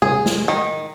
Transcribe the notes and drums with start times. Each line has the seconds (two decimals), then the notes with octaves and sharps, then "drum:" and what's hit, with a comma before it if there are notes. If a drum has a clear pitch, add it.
0.02 G#4, drum: tom B2
0.26 drum: snare
0.48 D#3